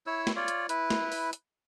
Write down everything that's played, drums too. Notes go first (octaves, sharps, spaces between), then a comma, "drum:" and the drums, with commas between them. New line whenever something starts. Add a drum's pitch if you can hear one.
E4 C#5 E6
drum: snare
F4 C#5 D5
drum: hi-hat
E4 B4, drum: hi-hat
drum: snare
drum: open hi-hat
drum: hi-hat